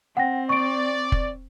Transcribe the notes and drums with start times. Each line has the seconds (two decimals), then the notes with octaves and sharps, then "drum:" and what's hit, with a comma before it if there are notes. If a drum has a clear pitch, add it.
0.17 C4 F#5 G5 A#6
0.49 D5 C#6 D7
1.12 drum: kick F1